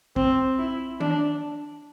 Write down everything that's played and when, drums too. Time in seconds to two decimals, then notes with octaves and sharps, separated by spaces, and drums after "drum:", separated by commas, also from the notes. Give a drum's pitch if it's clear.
0.16 C4, drum: kick A#1
0.59 E4
1.00 D4, drum: tom D#3